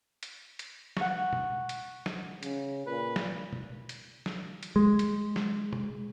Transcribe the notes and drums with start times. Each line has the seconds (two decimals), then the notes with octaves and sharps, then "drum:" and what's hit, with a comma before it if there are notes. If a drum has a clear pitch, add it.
0.23 drum: hi-hat
0.59 drum: hi-hat
0.97 F#5 C#6, drum: snare
1.33 drum: tom B2
1.69 drum: hi-hat
2.06 drum: snare
2.43 C#3, drum: hi-hat
2.86 A#2 B4
3.16 drum: snare
3.53 drum: tom B2
3.89 drum: hi-hat
4.26 drum: snare
4.63 drum: hi-hat
4.76 G#3
4.99 drum: hi-hat
5.36 drum: snare
5.73 drum: tom B2